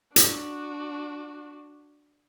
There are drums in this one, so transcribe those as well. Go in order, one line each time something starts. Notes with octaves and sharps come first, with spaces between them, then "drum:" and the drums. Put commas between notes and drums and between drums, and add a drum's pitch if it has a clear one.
D4 F#4, drum: hi-hat